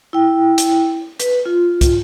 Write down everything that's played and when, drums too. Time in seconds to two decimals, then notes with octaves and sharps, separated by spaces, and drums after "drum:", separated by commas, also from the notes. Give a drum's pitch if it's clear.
0.13 E4 G5
0.58 drum: hi-hat
1.20 B4, drum: hi-hat
1.46 F4
1.81 drum: kick, hi-hat